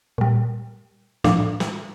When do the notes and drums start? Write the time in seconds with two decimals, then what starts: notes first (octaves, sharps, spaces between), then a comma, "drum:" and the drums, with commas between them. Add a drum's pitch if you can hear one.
0.18 A#2 G3
1.24 A2 F3 D4, drum: snare
1.60 drum: snare